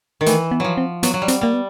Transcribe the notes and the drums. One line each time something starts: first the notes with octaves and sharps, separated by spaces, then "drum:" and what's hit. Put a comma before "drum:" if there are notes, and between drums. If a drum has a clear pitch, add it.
D#3
E3 A3, drum: hi-hat
B3
F3 F#3
C4
F#3 B3, drum: hi-hat
F#3
G3
C4, drum: hi-hat
G3 A#3
B3